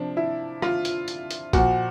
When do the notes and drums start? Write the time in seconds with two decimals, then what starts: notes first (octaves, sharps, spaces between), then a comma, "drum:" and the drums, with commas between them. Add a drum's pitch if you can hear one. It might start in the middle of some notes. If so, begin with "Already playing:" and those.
Already playing: C3 F3 D4
0.17 E4
0.62 F4, drum: rim click
0.85 drum: hi-hat
1.08 drum: hi-hat
1.31 drum: hi-hat
1.53 A#2 F3 F#4, drum: kick A#1, hi-hat